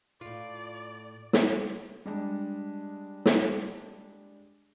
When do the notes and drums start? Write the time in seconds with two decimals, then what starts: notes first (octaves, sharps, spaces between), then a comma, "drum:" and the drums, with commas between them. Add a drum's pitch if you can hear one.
0.21 A2 F4 D5
1.33 drum: snare
2.05 G3 G#3 D4
3.26 drum: snare